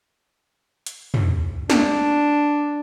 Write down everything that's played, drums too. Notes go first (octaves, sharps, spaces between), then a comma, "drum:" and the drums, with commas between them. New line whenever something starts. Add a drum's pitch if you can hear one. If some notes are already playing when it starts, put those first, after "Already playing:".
drum: hi-hat
drum: tom
D4, drum: snare